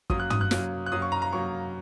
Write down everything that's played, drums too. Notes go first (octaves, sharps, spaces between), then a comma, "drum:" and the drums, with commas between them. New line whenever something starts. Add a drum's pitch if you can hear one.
F#2 F#3 A#3 D#6, drum: kick
F#6
D#6, drum: tom
F#6
F#2 F#3 A#3, drum: snare
F#6
F#2 F#3 A#3 D#6
C#6
A#5
A#5
F#2 F#3 A#3 C#6